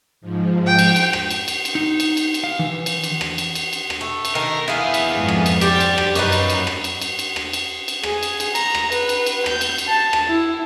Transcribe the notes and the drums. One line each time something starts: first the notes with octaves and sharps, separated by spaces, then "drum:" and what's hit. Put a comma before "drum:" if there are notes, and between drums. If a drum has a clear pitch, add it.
G#2 F3
G5
drum: cymbal
drum: cymbal
drum: rim click
drum: cymbal
drum: cymbal
drum: cymbal
D#4
drum: cymbal
drum: cymbal
drum: cymbal
F5
E3
drum: cymbal
drum: cymbal
drum: rim click
drum: cymbal
drum: cymbal
drum: cymbal
drum: rim click
A3
drum: cymbal
D#3 A3 A#4
B3 E4 G#4 F5
drum: cymbal
F2 G#2
drum: rim click
drum: cymbal
G3 G4 C5 A6, drum: cymbal
drum: cymbal
drum: rim click
F#2 A#3 C#4 D#4 B4 A#5, drum: cymbal
drum: cymbal
drum: cymbal
drum: rim click
drum: cymbal
drum: cymbal
drum: cymbal
drum: rim click
drum: cymbal
drum: cymbal
G#4, drum: rim click
drum: cymbal
drum: cymbal
A#5, drum: cymbal
drum: rim click
B4, drum: cymbal
drum: cymbal
drum: cymbal
G6, drum: rim click
drum: cymbal
drum: cymbal
A5
drum: rim click
E4